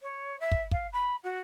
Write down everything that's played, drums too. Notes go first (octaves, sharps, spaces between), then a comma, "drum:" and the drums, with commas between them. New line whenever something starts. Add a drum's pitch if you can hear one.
C#5
E5
drum: kick
F5, drum: kick
B5
F#4